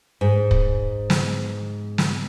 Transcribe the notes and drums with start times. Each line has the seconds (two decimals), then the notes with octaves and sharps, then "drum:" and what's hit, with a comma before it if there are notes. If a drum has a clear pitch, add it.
0.21 G#2
0.51 drum: kick
1.10 drum: snare
1.98 drum: snare